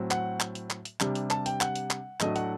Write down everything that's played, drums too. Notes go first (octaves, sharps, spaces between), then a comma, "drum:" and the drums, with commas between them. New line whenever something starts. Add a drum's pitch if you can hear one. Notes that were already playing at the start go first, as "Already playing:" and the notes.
Already playing: A2 F#3 C4
F#5, drum: clap
drum: clap
drum: hi-hat
drum: clap
drum: hi-hat
C3 G3 D4, drum: clap
drum: hi-hat
A5, drum: clap
G5, drum: hi-hat
F#5, drum: clap
drum: hi-hat
drum: clap
A2 F#3 A3 D4 D#5, drum: clap
F#5, drum: hi-hat